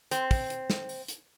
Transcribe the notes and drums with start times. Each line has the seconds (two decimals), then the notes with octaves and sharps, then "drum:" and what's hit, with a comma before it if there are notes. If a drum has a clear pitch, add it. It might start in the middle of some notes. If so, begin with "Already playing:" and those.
0.11 C4, drum: hi-hat
0.31 drum: kick, open hi-hat
0.50 drum: hi-hat
0.70 drum: snare
0.89 drum: open hi-hat
1.08 drum: hi-hat